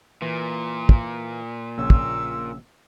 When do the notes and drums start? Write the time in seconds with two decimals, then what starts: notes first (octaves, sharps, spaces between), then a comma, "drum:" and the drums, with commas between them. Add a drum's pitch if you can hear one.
0.22 A#2 E3
0.89 drum: kick
1.78 A#1 C#3 C#5 E6
1.90 drum: kick